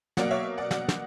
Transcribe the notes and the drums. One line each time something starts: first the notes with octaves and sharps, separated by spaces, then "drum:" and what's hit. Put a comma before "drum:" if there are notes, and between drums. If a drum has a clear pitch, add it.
B2 F#3 A#3 D5 F#5, drum: snare
C#5 E5
D5 F#5
D5 F#5, drum: snare
drum: snare